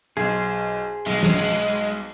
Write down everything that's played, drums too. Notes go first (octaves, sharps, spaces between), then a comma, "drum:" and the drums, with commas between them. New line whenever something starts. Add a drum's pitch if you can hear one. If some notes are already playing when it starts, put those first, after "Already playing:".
B1 G#4 C5
B1 G#3
drum: snare
drum: cymbal